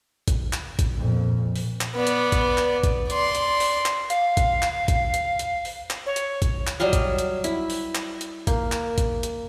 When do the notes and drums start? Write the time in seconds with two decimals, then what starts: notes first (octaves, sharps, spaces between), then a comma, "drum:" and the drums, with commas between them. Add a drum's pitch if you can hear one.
0.28 drum: kick G#1, hi-hat
0.53 drum: clap
0.79 drum: kick G#1, hi-hat
0.98 F2 A#2
1.56 drum: open hi-hat
1.81 drum: clap
1.96 B3 D5
2.07 drum: hi-hat
2.32 drum: kick G#1, hi-hat
2.58 drum: clap
2.83 drum: kick G#1, hi-hat
3.10 D5 C6, drum: hi-hat
3.35 drum: hi-hat
3.60 drum: open hi-hat
3.86 drum: clap
4.10 F5, drum: hi-hat
4.37 drum: kick G#1, hi-hat
4.63 drum: clap
4.88 drum: kick G#1, hi-hat
5.14 drum: hi-hat
5.39 drum: hi-hat
5.65 drum: open hi-hat
5.91 drum: clap
6.06 C#5
6.16 drum: hi-hat
6.42 drum: kick G#1, hi-hat
6.67 drum: clap
6.80 F#3 G3 D#5 F5
6.93 drum: kick G#1, hi-hat
7.19 drum: hi-hat
7.44 E4, drum: hi-hat
7.70 drum: open hi-hat
7.95 drum: clap
8.21 drum: hi-hat
8.47 A#3, drum: kick G#1, hi-hat
8.72 drum: clap
8.98 drum: kick G#1, hi-hat
9.23 drum: hi-hat